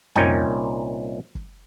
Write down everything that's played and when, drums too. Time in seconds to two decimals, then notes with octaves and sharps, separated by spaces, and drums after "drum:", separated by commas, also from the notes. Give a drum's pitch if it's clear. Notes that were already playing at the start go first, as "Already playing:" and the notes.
0.15 C2 A#2 C#4 D#4 G5 G#5, drum: tom
1.35 drum: kick